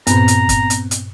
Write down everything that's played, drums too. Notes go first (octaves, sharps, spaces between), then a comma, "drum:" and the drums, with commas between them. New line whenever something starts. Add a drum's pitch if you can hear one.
G2 A#2 B3 C4 A#5, drum: hi-hat
drum: hi-hat
drum: kick, hi-hat
drum: hi-hat
drum: hi-hat